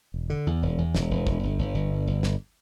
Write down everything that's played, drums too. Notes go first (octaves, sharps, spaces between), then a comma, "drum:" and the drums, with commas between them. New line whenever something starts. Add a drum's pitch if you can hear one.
E1
D3
E2
E1
E2
E1, drum: snare
E1
E1, drum: kick
G1
G1
G1
G2
G1
G1, drum: snare